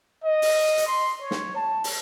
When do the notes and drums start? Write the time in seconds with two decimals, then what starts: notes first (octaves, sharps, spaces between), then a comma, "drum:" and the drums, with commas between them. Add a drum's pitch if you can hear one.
0.24 D#5
0.42 drum: open hi-hat
0.78 drum: hi-hat
0.87 C6
1.22 C#5
1.31 drum: snare
1.56 A5
1.84 drum: open hi-hat